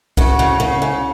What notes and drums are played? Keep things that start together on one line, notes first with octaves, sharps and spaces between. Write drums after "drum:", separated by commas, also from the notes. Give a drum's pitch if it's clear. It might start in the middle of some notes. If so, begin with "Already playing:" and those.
C#3 F#4, drum: kick C2
C#3
C#3
C#3